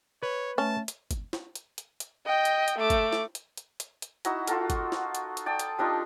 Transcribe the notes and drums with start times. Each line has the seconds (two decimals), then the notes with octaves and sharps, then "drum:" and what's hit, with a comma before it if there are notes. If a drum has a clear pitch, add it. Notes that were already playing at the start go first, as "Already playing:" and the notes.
0.23 B4 C#5
0.58 A3 C#4 A5
0.88 drum: hi-hat
1.11 drum: kick, hi-hat
1.33 drum: snare
1.55 drum: hi-hat
1.78 drum: hi-hat
2.00 drum: hi-hat
2.26 D#5 G5
2.45 drum: hi-hat
2.68 drum: hi-hat
2.79 A3 D6
2.90 drum: kick, hi-hat
3.13 drum: snare
3.35 drum: hi-hat
3.57 drum: hi-hat
3.80 drum: hi-hat
4.02 drum: hi-hat
4.25 D#4 E4 F#4 A#5, drum: hi-hat
4.47 F4 F#4 A4 A#4, drum: hi-hat
4.70 drum: kick, hi-hat
4.92 drum: snare
5.15 drum: hi-hat
5.37 drum: hi-hat
5.46 D5 G5 A5 D#6
5.59 drum: hi-hat
5.78 G3 D4 D#4 F4